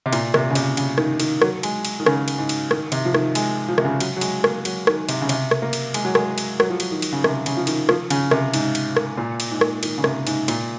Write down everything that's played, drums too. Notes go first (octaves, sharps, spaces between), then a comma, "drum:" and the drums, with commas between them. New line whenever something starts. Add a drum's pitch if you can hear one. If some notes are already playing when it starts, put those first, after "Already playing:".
C3
A#2, drum: cymbal
C3, drum: rim click
C#3
C3, drum: cymbal
C#3, drum: cymbal
D#3, drum: rim click
D#3, drum: cymbal
F#3, drum: rim click
G#3, drum: cymbal
drum: cymbal
D#3
C#3, drum: rim click
drum: cymbal
G#2
drum: cymbal
D#3, drum: rim click
C3, drum: cymbal
F3
D#3, drum: rim click
G#3, drum: cymbal
F3
C3, drum: rim click
C#3
F#3, drum: cymbal
F#3
G#3, drum: cymbal
A#3, drum: rim click
F#3, drum: cymbal
D#3, drum: rim click
C3, drum: cymbal
C#3
C3, drum: cymbal
drum: rim click
A#3
drum: cymbal
G#3, drum: cymbal
F#3
G#3, drum: rim click
drum: cymbal
F#3, drum: rim click
F3
F#3, drum: cymbal
D#3
drum: cymbal
C#3
C3, drum: rim click
C#3, drum: cymbal
F3
D#3, drum: cymbal
F3, drum: rim click
C#3, drum: cymbal
C3, drum: rim click
G#2, drum: cymbal
drum: cymbal
drum: rim click
A#2
drum: cymbal
G#2
drum: rim click
D#3, drum: cymbal
C#3
C3, drum: rim click
G#2, drum: cymbal
A#2, drum: cymbal